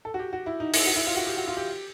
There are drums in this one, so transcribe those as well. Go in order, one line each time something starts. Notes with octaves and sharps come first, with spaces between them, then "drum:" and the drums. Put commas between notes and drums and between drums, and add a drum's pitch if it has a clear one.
A4
F#4
G4
F#4
E4
D#4
E4, drum: open hi-hat
F#4
E4
F4
F#4
G4
F#4
F4
G4